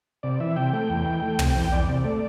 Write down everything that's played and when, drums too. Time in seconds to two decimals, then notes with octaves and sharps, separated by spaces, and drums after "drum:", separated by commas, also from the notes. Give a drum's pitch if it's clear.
0.23 C3 D5
0.40 E3 E5
0.56 C3 G5
0.73 A3 G5
0.90 E2
1.06 E3
1.23 A3
1.39 C3, drum: tom
1.56 E2
1.72 E2 D5
1.88 C3
2.04 A3